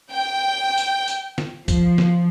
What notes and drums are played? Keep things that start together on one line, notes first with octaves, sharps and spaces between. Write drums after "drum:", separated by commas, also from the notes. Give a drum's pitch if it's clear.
G5
drum: tambourine
drum: tambourine
drum: snare
F3, drum: kick, tambourine
drum: snare